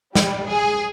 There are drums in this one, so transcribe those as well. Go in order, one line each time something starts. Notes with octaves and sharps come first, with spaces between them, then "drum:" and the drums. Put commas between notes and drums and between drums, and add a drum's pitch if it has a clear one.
G3, drum: snare
G#4